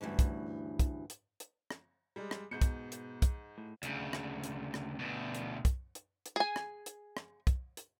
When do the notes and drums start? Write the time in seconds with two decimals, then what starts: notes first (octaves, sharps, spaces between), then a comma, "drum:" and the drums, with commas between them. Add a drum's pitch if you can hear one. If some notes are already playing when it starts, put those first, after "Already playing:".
0.01 D2 G2 E3 C#4
0.19 drum: kick, hi-hat
0.79 drum: kick, hi-hat
1.10 drum: hi-hat
1.40 drum: hi-hat
1.71 drum: rim click
2.16 G3 G#3
2.31 drum: rim click
2.51 G#2 B2 G6 C#7
2.62 drum: kick, hi-hat
2.92 drum: hi-hat
3.22 drum: kick, hi-hat
3.58 A2
3.83 D2 C#3, drum: hi-hat
4.13 drum: rim click
4.44 drum: hi-hat
4.74 drum: rim click
4.99 D2 B2
5.35 drum: hi-hat
5.65 drum: kick, hi-hat
5.95 drum: hi-hat
6.26 drum: hi-hat
6.36 G#4 G#5
6.56 drum: rim click
6.86 drum: hi-hat
7.17 drum: rim click
7.47 drum: kick, hi-hat
7.77 drum: hi-hat